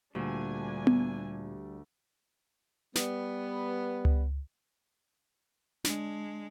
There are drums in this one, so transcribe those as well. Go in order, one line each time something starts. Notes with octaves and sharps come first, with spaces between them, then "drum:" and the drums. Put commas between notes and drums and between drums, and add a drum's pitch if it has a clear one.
D2 A#2 G3 D4 G#5
drum: tom B3
G3 B3, drum: snare
drum: tom C#2
G#3 D4, drum: snare